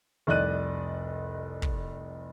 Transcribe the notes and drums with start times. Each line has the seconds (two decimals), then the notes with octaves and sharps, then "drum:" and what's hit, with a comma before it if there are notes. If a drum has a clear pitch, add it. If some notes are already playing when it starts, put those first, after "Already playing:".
0.27 F1 C2 D5 D#5 F#6 D#7
1.62 drum: kick